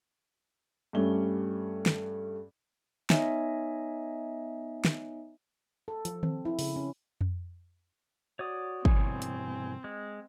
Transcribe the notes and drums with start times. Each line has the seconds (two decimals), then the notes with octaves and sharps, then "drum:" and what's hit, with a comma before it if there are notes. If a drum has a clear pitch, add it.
0.93 G2 G3 A3 C#4 G7
1.86 drum: snare
3.10 B3 D#4 C#5 D#5 E5 G#5, drum: snare
4.85 drum: snare
5.88 A4
6.05 F3, drum: hi-hat
6.23 C4, drum: tom D#3
6.45 E4
6.59 C#3, drum: open hi-hat
6.76 C#4
7.21 drum: tom F2
8.39 F#4 C#5 D5 D#6
8.85 G2 B2 E3 C4 G#5, drum: kick
9.22 drum: hi-hat
9.84 G#3